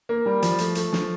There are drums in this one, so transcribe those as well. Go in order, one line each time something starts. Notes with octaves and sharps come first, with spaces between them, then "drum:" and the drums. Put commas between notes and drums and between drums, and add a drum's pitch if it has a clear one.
A#3
G3
F3, drum: hi-hat
A3, drum: hi-hat
A3, drum: hi-hat
F3, drum: snare